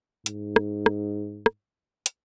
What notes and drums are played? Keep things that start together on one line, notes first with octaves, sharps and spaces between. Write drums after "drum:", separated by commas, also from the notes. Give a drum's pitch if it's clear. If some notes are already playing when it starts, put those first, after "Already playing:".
G#2, drum: hi-hat
drum: rim click
drum: rim click
drum: rim click
drum: hi-hat